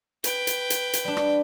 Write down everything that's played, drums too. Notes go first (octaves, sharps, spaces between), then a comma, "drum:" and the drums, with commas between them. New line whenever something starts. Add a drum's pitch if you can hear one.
B4 G5, drum: hi-hat
drum: hi-hat
drum: hi-hat
drum: hi-hat
G3 D4
drum: rim click